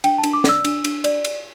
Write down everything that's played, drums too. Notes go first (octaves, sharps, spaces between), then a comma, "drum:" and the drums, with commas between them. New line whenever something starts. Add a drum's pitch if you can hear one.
D4 G5, drum: cymbal
A5
D4, drum: cymbal
D6
D5 E6, drum: snare
D4, drum: cymbal
D4, drum: cymbal
D5, drum: cymbal
drum: cymbal